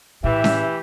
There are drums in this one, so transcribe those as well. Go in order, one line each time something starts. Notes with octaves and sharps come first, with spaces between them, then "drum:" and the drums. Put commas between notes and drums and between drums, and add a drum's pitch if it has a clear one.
A2 E3 G4 E5
drum: snare C#4